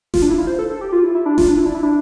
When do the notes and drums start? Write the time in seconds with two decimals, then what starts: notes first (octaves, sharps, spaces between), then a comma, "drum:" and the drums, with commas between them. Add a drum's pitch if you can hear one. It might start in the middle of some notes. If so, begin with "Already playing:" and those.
0.14 F4, drum: snare D#1
0.22 D4
0.30 E4
0.38 F4
0.47 C5
0.59 A4
0.70 A4
0.81 G4
0.92 F4
1.04 E4
1.15 E4
1.26 D4
1.38 F4, drum: snare D#1
1.48 D4
1.58 E4
1.66 D4
1.75 E4
1.83 D4